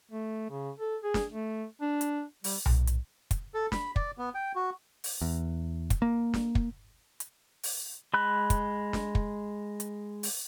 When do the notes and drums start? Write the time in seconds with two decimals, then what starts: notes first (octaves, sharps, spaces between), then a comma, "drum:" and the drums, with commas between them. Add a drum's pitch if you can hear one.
0.11 A3
0.50 C#3
0.80 A4
1.03 G#4
1.14 drum: snare
1.30 A3
1.81 D4
2.01 drum: hi-hat
2.44 G3, drum: open hi-hat
2.66 drum: tom B1
2.87 drum: hi-hat
3.31 drum: kick, hi-hat
3.54 A4
3.72 B5, drum: snare
3.96 D5, drum: kick
4.18 B3
4.35 G5
4.55 F#4
5.04 drum: open hi-hat
5.21 E2
5.90 drum: kick, hi-hat
6.02 A#3
6.34 drum: snare
6.55 drum: kick
7.20 drum: hi-hat
7.63 drum: open hi-hat
8.14 G#3 B5 F#6
8.50 drum: kick, hi-hat
8.93 drum: snare
9.15 drum: kick
9.80 drum: hi-hat
10.23 drum: open hi-hat